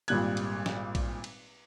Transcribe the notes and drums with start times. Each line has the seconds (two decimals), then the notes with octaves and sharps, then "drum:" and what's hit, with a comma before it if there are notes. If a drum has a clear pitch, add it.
0.08 G#1 A#2 G3 F#6 G#6, drum: cymbal
0.37 drum: cymbal
0.66 drum: snare
0.95 drum: kick A#1, cymbal
1.24 drum: cymbal